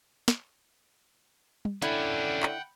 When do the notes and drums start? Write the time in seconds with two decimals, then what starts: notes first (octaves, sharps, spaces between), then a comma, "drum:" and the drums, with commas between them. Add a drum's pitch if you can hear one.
0.28 drum: snare
1.65 drum: tom
1.82 D3 C#4 D4 E4 F#5 G5, drum: hi-hat
2.43 drum: clap